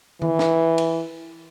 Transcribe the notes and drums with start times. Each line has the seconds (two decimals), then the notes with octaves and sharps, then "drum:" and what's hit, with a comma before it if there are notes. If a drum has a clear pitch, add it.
0.22 E3, drum: tom D#3
0.39 drum: snare
0.78 drum: cymbal